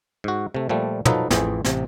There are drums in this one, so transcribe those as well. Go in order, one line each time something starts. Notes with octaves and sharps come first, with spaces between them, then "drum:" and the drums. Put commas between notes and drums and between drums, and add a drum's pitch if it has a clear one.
G#2 F#4
C3 A3
A#2 F3 G3 A3
F3 F#3 D#4 A4 B4, drum: tom
A1 F2 E3 G#4 G5, drum: snare
A1 C3, drum: snare